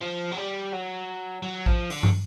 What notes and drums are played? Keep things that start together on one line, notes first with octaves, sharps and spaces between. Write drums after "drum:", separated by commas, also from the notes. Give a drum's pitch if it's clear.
F3
F#3
G3
F#3
F#3
F3, drum: kick A1
D3, drum: open hi-hat
drum: tom